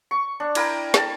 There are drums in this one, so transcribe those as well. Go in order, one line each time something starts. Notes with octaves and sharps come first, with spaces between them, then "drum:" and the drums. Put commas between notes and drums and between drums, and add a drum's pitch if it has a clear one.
C#6
D4
E4 A#4 G5 A#5, drum: cymbal
A4 A5, drum: snare